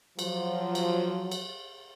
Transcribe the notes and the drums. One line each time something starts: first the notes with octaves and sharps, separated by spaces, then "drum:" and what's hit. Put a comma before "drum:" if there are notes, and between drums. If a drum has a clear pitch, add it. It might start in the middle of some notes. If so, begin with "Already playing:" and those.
F3 F#3, drum: cymbal
drum: cymbal
drum: cymbal